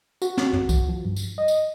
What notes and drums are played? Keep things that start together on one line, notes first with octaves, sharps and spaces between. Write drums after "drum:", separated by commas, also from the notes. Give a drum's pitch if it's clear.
F#4, drum: tambourine
drum: snare
drum: tom
drum: kick C2, tambourine
F3
G2
drum: tambourine
D#5
drum: tambourine